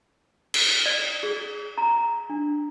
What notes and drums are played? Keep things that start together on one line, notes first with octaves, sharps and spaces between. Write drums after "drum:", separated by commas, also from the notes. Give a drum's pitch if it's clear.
drum: cymbal
D5
G#4
A#5
D4